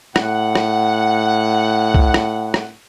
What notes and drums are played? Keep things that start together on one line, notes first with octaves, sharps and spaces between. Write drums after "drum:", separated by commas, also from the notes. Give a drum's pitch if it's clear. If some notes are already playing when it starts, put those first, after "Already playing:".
A2 F#5, drum: rim click
drum: rim click
drum: kick C2
drum: rim click
drum: rim click